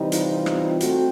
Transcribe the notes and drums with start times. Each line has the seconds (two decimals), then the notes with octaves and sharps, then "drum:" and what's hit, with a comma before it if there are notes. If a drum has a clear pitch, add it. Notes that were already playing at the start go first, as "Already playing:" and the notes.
Already playing: C3 E3 G3 C4 D#4
0.12 F4, drum: hi-hat
0.46 drum: rim click
0.80 A3 C4 F#4, drum: hi-hat